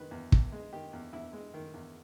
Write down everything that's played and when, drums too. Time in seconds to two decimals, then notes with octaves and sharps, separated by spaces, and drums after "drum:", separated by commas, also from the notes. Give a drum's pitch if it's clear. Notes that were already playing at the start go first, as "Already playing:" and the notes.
Already playing: D#3 G#3 B4
0.11 E2
0.32 E2, drum: kick
0.52 G#3
0.73 D#3 G4
0.93 E2
1.13 E2 E4
1.33 G#3
1.54 D#3
1.74 E2